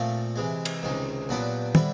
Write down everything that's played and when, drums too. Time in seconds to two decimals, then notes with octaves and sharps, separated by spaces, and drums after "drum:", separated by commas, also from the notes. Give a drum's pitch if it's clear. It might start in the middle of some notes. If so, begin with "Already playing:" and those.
Already playing: A#2 F3 A3 C4
0.36 C3 E3 G#3
0.65 drum: cymbal
0.83 C#2 C3 D#3 G#3
1.29 A#2 F#3 B3 D4 G4
1.75 D3 G3 C4 E4, drum: tom